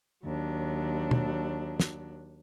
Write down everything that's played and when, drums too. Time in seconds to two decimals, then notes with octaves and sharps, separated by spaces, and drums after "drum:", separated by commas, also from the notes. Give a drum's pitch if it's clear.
0.25 D#2 F#3 D4
1.11 drum: tom B2
1.80 drum: snare